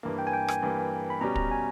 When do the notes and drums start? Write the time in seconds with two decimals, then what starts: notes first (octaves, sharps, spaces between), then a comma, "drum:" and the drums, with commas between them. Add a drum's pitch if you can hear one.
0.03 G2 E3 A#3
0.19 G5
0.27 G#5
0.33 G5
0.48 G#5, drum: rim click
0.62 G2 E3 A#3
1.10 B5
1.21 B2 G3 C#4 G4 A#5
1.36 A#5, drum: kick
1.51 G#5